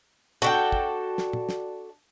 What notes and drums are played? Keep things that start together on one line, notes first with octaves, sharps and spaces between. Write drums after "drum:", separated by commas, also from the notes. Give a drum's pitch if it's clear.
D4 F#4 A4 D5 G5, drum: tom
drum: kick
drum: snare
drum: tom
drum: snare